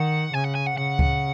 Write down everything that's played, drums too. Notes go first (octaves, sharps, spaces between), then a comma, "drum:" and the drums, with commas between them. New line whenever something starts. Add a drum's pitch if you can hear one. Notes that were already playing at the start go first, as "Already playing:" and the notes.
Already playing: D#3 F#5
C#3 G#5
F#5
G#5
F#5
C#3 F#5
drum: kick C#2